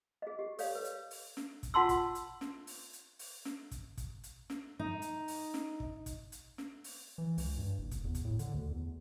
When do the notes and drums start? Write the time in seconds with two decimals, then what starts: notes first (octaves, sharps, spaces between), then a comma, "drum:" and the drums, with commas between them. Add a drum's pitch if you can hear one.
0.22 G#4 D#5
0.39 G4
0.59 A4 C#5 D5 F5, drum: open hi-hat
0.75 B4
0.85 drum: hi-hat
1.11 drum: open hi-hat
1.37 drum: snare
1.63 drum: kick, hi-hat
1.74 F4 F#5 A5 C6 E6
1.89 drum: kick, hi-hat
2.15 drum: hi-hat
2.41 drum: snare
2.67 drum: open hi-hat
2.93 drum: hi-hat
3.19 drum: open hi-hat
3.45 drum: snare
3.71 drum: kick, hi-hat
3.97 drum: kick, hi-hat
4.24 drum: hi-hat
4.50 drum: snare
4.79 D#4
5.02 drum: hi-hat
5.28 drum: open hi-hat
5.54 drum: snare
5.80 drum: kick
6.06 drum: kick, hi-hat
6.32 drum: hi-hat
6.58 drum: snare
6.84 drum: open hi-hat
7.18 E3
7.38 C#2, drum: open hi-hat
7.58 G2
7.78 F#1
7.91 F1, drum: kick, hi-hat
8.04 E2
8.15 drum: kick, hi-hat
8.25 A2
8.39 D3, drum: hi-hat
8.54 D2
8.71 E2